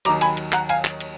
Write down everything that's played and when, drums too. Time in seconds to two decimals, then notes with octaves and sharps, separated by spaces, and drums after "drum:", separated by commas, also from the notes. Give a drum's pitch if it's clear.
0.05 D#2 D#3 F#3 A#5 D6, drum: cymbal
0.21 G#5 B5, drum: cymbal
0.37 drum: cymbal
0.52 F#5 A#5, drum: clap
0.69 F5 G#5, drum: cymbal
0.85 drum: clap
1.00 drum: cymbal